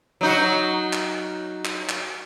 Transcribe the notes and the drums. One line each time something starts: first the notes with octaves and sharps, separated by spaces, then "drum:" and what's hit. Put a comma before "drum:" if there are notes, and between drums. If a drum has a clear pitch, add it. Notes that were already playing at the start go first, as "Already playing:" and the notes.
F#3 D#4 F#4
drum: clap
drum: clap
drum: clap